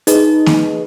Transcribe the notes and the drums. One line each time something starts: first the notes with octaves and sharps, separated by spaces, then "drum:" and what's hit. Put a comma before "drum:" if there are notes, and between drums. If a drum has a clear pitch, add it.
D#4 G#4 B4 D#5, drum: hi-hat
drum: snare A#3